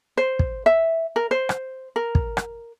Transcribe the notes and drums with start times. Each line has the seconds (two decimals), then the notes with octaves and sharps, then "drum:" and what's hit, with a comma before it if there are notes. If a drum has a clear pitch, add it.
0.17 C5
0.39 drum: kick
0.66 E5
1.16 A#4
1.31 C5
1.49 drum: rim click
1.96 A#4
2.15 drum: kick
2.37 drum: rim click